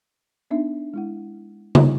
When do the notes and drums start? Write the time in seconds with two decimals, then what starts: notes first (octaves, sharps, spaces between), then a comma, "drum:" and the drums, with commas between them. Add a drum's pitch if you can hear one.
0.51 B3 D4 D#4 E5
0.94 G#3 E4 F#5
1.75 G3 E4, drum: tom C#3